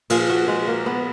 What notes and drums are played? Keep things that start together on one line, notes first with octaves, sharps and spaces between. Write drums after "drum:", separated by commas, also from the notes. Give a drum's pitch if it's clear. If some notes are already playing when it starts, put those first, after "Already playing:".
A#2 F3 G#4, drum: cymbal
F#4
G#3
A#3
B3